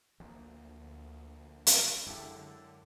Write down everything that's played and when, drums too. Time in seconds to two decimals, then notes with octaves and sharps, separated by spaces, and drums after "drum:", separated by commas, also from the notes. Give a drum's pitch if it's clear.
0.20 D2 F3 A#3
1.67 drum: hi-hat
2.07 F#2 D3 G#3 E4 G4 A4